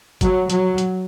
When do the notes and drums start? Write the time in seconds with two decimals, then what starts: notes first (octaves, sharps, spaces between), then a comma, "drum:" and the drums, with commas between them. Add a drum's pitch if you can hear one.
0.21 F#3, drum: kick G#1, hi-hat
0.50 F#3, drum: hi-hat
0.78 drum: hi-hat